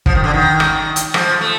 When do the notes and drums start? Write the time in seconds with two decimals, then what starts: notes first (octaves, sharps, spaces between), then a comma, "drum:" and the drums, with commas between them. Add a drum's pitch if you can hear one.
0.06 F3, drum: kick
0.15 D#3
0.24 D3
0.34 D#3
0.60 drum: rim click
0.96 drum: hi-hat
1.14 F3, drum: rim click
1.41 A3